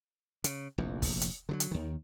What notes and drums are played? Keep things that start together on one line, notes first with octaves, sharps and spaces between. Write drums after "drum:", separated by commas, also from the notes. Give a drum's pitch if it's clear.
C#3, drum: hi-hat
F1 A#1 E2
drum: kick, open hi-hat
drum: hi-hat
D3 D#3 F#3
drum: hi-hat
D#2 D#3